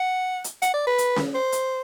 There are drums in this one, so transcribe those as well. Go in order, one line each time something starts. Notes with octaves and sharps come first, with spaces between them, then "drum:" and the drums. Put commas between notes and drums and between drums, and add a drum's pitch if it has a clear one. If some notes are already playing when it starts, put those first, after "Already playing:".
Already playing: F#5
drum: hi-hat
F#5, drum: hi-hat
D5
B4
drum: hi-hat
drum: snare C#4
C5
drum: hi-hat